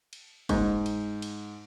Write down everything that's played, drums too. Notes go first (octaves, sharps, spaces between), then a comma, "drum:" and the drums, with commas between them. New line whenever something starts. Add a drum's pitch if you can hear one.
drum: cymbal
G#2, drum: kick, cymbal
drum: cymbal
drum: cymbal